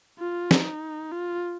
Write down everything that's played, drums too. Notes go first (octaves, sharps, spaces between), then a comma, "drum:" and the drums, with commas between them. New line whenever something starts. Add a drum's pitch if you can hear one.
F4
D#4, drum: snare
F4